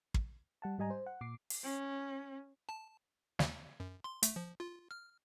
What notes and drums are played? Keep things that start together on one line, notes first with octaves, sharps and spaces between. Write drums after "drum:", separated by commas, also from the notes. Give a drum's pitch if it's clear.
drum: kick
G3 F#5 A5
G#2 G3 D#5 G#5 A#5
C5
F#5
A#2 D6 C7
drum: open hi-hat
C#4
A5
D#2, drum: snare
F#2
C6
A3, drum: hi-hat
F3
F4
F6